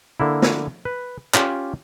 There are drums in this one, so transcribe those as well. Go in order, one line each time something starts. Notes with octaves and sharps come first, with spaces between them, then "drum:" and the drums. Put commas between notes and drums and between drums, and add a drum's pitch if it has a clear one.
D3 A#3 E4
drum: snare
B4
C#4 F4 G4, drum: clap